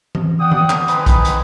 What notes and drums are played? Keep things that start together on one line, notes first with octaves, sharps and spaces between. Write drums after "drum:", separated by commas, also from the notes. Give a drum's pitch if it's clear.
drum: tom E3
D5 F#5 G5 D#6
drum: tom D#3
drum: clap
C4 D#4 B4 D#5 G#5 B5, drum: hi-hat
drum: kick B1, hi-hat
drum: hi-hat